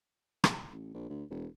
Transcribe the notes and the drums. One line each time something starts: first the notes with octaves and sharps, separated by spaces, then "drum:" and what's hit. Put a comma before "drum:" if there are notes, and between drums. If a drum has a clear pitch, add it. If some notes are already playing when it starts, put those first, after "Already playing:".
drum: rim click
A1
A#1
D2
E1